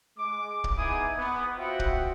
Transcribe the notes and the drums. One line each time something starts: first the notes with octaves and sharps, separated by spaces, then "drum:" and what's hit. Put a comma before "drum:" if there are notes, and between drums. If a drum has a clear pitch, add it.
G#3 D6
drum: kick
B3 D#4 E4 G#4 D6 D#6
B3
F4 F#4 C5 E5 F#5 G5
drum: kick